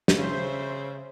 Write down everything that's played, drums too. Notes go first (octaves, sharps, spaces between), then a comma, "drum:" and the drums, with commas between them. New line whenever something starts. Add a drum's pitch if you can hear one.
drum: snare
C#3 C5 E5